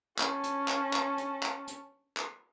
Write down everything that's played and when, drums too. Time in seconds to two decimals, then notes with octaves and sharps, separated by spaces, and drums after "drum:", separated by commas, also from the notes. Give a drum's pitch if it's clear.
0.19 C#4 A5, drum: clap
0.43 drum: hi-hat
0.68 drum: clap
0.93 drum: clap
1.18 drum: hi-hat
1.43 drum: clap
1.67 drum: hi-hat
2.17 drum: clap